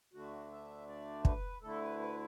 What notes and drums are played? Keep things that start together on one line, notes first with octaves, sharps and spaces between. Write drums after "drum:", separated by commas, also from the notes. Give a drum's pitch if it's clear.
D2 D3 A3 D4 F#4
E5
D5
B4, drum: kick
D2 D3 A3 E4 A4
B4
B4